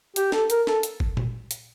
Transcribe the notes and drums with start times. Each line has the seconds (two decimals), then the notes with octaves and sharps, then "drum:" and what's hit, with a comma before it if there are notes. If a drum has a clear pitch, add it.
0.16 G4, drum: hi-hat
0.32 A4, drum: snare
0.50 A#4, drum: hi-hat
0.67 A4, drum: snare
0.83 drum: hi-hat
1.00 drum: kick G1
1.17 drum: tom A#2
1.51 drum: hi-hat